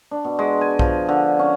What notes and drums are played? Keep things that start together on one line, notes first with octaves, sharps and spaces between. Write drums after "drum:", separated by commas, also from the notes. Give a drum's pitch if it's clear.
D4
B2
G#3
G#5
F3, drum: kick B1
D3
C#4